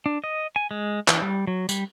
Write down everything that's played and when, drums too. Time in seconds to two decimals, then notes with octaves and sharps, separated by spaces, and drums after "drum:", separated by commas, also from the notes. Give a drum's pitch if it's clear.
0.06 D4
0.24 D#5
0.56 G#5
0.71 G#3
1.08 E3, drum: clap
1.22 G3
1.47 F#3
1.69 G3, drum: tambourine